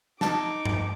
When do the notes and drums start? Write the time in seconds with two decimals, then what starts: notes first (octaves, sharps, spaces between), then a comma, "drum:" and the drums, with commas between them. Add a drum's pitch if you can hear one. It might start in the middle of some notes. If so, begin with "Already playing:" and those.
0.21 D#4 A5 D6, drum: snare
0.65 drum: tom G2